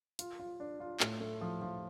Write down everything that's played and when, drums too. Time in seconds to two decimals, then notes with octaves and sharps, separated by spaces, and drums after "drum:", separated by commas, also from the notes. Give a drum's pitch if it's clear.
0.19 F4, drum: hi-hat
0.40 F4
0.60 D4
0.80 F4
1.00 A2, drum: clap
1.21 A3
1.41 F3
1.62 F3